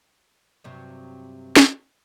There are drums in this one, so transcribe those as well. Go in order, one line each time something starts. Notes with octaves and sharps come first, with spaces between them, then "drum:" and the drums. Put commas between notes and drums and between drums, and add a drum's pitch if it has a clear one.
G2 C3 F#3
drum: snare